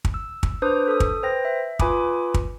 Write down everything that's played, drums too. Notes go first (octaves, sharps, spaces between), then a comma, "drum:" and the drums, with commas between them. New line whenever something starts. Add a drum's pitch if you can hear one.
drum: kick
E6
drum: kick
D4 B4 C5 D6 D#6 G6
A4 D#6
drum: kick
B4 C5 G5 A#6
E5
F4 B4 G#5 B5 D6 D#6, drum: kick
drum: kick